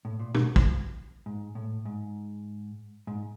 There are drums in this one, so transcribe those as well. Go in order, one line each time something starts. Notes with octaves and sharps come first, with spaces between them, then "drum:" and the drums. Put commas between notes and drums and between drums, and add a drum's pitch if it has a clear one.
A2
A#2
B2, drum: tom B2
drum: kick
G#2
A2
G#2
G#2